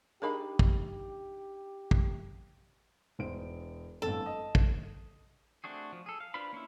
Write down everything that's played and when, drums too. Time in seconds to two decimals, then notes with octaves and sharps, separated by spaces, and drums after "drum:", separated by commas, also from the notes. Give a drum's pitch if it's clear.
0.22 D4 D#4 G4 G#4 A#4 D#5 B5
0.59 drum: kick
1.91 drum: kick
3.19 E1 C5 D7
4.02 G1 F2 A2 A4
4.26 D#5
4.55 drum: kick
5.64 A3 C4 D4 F#4 G#4
5.93 F3
6.06 G#4 A4
6.20 F5
6.34 D4 F4 B4 C5 B5
6.53 A#3 C#4 D#4 E4